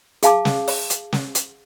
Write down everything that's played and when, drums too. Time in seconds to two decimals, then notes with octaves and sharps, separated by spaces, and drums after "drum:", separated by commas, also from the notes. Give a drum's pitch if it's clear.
0.23 G#4 F5 A5 D6, drum: hi-hat
0.45 drum: snare
0.68 drum: open hi-hat
0.90 drum: hi-hat
1.13 drum: snare
1.35 drum: hi-hat